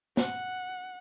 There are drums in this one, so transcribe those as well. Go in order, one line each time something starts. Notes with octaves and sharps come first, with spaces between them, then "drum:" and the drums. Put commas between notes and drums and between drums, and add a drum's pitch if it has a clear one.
F#5, drum: snare